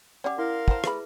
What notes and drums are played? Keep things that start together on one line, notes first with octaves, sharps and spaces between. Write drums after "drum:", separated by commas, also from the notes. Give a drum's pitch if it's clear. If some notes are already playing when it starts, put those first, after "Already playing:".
C#4 G4 D5 F#5 D6
E4 A#4 F5 C6
C5 F#5 A5 A#5, drum: kick
A3 G#4 B4 E5 B5, drum: rim click